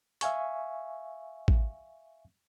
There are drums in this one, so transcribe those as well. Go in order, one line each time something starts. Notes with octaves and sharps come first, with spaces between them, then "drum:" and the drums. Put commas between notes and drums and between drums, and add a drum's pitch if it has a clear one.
E5 F5 G#5 C#6, drum: hi-hat
drum: kick A1